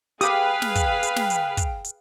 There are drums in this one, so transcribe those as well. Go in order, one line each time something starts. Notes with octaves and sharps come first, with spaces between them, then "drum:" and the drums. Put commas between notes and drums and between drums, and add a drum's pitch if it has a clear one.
G4 G#4 B4 F5 G5 D#6, drum: hi-hat
drum: snare
drum: kick, hi-hat
drum: hi-hat
drum: snare
drum: hi-hat
drum: kick, hi-hat
drum: hi-hat